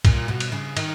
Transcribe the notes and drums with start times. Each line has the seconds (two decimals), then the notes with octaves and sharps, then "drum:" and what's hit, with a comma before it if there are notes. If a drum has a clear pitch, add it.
0.05 A#2, drum: kick, cymbal
0.28 B2
0.40 drum: cymbal
0.52 C#3
0.77 D#3, drum: cymbal